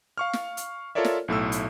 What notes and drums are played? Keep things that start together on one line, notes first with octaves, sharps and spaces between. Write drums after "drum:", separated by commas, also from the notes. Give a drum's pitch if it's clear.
F5 C#6 F6
drum: snare
drum: hi-hat
F4 A4 A#4 C#5 D5 E5
drum: snare
B1 A2 A3 E6
drum: hi-hat